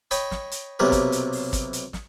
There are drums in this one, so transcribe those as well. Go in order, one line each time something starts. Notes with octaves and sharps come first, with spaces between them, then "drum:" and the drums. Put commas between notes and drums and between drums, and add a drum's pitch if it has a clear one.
C#5 D#5 G5 B5, drum: hi-hat
drum: snare
drum: hi-hat
B1 C3 F#3 A#3 B3 G4
drum: kick, hi-hat
drum: hi-hat
drum: open hi-hat
drum: kick, hi-hat
drum: hi-hat
drum: snare